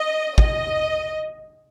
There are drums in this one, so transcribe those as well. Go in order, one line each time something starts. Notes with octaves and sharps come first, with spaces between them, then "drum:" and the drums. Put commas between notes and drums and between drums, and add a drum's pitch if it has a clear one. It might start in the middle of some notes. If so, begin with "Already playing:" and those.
Already playing: D#5
D#5, drum: kick